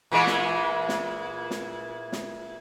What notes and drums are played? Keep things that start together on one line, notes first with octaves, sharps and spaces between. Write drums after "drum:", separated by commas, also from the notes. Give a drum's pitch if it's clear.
A#2 E3 G#3
drum: snare
drum: snare
drum: snare
drum: snare